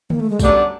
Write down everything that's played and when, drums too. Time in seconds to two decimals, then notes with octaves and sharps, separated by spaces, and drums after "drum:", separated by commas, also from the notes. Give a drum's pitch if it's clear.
0.10 A#3, drum: tom D3
0.20 A3
0.30 G#3
0.39 F#2 D3 G3 A3 B3 D4, drum: kick, tambourine